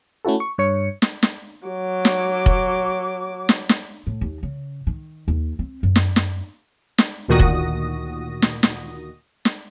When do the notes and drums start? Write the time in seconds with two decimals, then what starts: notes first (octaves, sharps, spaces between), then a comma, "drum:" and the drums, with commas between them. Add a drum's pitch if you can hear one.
0.25 A3 C#4 E4 F#4 A4
0.40 C#6
0.58 G2 C#5 C#7
1.02 drum: snare
1.23 drum: snare
1.67 F#3 D6
2.05 drum: snare
2.46 drum: kick
3.49 drum: snare
3.69 drum: snare
4.07 A2
4.21 D#2
4.43 C#3
4.87 D#3
5.28 D#2
5.59 C4
5.83 F#2
5.96 drum: snare
6.16 drum: snare
6.98 drum: snare
7.28 D2 A#2 D#3 F#4 D#6 A#6
7.40 drum: kick
8.42 drum: snare
8.63 drum: snare
9.45 drum: snare